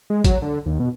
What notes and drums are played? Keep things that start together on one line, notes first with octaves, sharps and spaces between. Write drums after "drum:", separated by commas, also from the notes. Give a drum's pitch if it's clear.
G#3
F#3, drum: kick, hi-hat
D3
D#2
B2